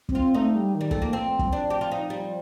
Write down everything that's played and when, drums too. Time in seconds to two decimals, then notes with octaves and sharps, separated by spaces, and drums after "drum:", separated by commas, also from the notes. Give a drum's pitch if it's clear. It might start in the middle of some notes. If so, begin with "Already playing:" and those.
0.09 C4, drum: kick
0.15 F4
0.34 A3 D#4
0.55 G3
0.74 D#3
0.81 G3
0.91 F3 A3, drum: kick
1.02 A#3
1.13 F3 C4
1.39 drum: kick
1.52 D4
1.70 G4
1.81 F4
1.91 D#4
2.10 G3